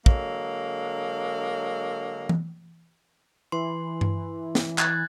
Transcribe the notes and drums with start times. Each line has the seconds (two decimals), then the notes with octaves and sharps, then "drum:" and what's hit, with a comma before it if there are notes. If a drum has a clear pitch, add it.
0.06 D3 F#3 G#3 A#3, drum: kick
2.29 drum: tom E3
3.52 E3 C6
4.01 drum: tom G2
4.55 drum: snare
4.78 F#6 G#6 A6, drum: clap